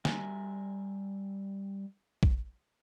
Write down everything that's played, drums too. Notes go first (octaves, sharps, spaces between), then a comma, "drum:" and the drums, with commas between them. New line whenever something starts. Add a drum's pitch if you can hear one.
G3 E5 G#5 A#5, drum: snare
drum: kick